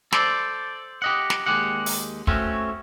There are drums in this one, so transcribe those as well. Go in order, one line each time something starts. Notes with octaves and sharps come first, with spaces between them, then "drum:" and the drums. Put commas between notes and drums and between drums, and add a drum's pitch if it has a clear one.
A4 C5 D5, drum: snare
G4 D#5 F#5
drum: snare
D#2 G#3 G4 F#5
drum: open hi-hat
A3 C4 C#4 F#4, drum: kick